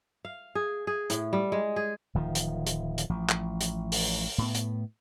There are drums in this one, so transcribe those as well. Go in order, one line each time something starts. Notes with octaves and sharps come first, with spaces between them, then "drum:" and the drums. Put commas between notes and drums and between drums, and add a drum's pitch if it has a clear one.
F5
G#4
G#4
A2, drum: hi-hat
G3
G#3
G#4
D1 D#3 F3
drum: hi-hat
drum: hi-hat
drum: hi-hat
A1 F3
drum: clap
drum: hi-hat
drum: open hi-hat
A2 B3
drum: hi-hat